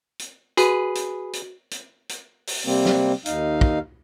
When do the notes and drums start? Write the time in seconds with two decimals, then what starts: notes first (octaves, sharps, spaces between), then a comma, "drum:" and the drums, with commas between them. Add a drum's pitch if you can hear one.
0.19 drum: hi-hat
0.57 F#4 G#4 B4, drum: hi-hat
0.95 drum: hi-hat
1.33 drum: hi-hat
1.71 drum: hi-hat
2.09 drum: hi-hat
2.47 drum: open hi-hat
2.65 C3 G3 A#3 C4
2.85 drum: snare
3.26 D#2 D#4 F5, drum: hi-hat
3.61 drum: kick